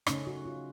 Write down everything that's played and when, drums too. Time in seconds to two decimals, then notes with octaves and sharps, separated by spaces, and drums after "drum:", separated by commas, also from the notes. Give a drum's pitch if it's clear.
0.07 C#3 A3 C#4 D#4, drum: rim click
0.27 F#4
0.45 F4